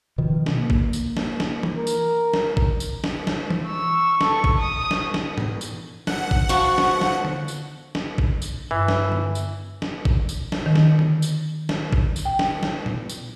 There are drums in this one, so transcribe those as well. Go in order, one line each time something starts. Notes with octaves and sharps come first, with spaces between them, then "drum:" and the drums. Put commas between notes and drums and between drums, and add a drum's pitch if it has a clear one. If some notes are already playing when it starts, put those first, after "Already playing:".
B2 D#3 F3
drum: snare
A#3
drum: kick G#1
drum: tambourine
drum: snare
drum: snare
drum: tom E3
A#4
drum: tambourine
drum: snare
drum: kick G#1
drum: tambourine
drum: snare
drum: snare
drum: tom E3
C#6 E6
A4, drum: snare
drum: kick G#1
D#6
drum: snare
drum: snare
drum: tom
drum: tambourine
F#5, drum: snare
drum: kick G#1
F3 F#4 C#6
drum: snare
drum: snare
drum: tom D3
drum: tambourine
drum: snare
drum: kick G#1
drum: tambourine
G2 E3
drum: snare
drum: tom D3
drum: tambourine
drum: snare
drum: kick G#1
drum: tambourine
drum: snare
D#3
drum: snare
drum: tom D3
drum: tambourine
drum: snare
drum: kick G#1
drum: tambourine
G5
drum: snare
drum: snare
drum: tom A#2
drum: tambourine